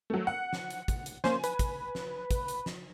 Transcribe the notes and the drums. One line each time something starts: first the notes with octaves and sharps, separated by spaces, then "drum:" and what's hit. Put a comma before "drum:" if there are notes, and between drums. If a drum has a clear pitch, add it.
F#3 A3
F#5
drum: snare
drum: hi-hat
drum: kick, hi-hat
drum: hi-hat
A#3 C#4 C5 G#5, drum: snare
B4, drum: hi-hat
drum: kick, hi-hat
drum: snare
drum: kick, hi-hat
drum: hi-hat
drum: snare